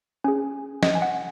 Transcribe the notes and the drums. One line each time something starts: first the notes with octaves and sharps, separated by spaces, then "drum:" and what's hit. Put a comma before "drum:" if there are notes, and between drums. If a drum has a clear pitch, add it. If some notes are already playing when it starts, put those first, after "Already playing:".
C#4 G#4 G#5
D#5, drum: snare
G#5
F#5